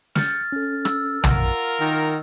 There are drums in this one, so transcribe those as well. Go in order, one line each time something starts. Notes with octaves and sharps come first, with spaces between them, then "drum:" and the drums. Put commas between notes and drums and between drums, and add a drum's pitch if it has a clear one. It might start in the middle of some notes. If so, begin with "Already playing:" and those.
F6 G6 A6 C#7, drum: snare
C#4 A4
E6, drum: rim click
F4 A#4 F#5, drum: tom
D#3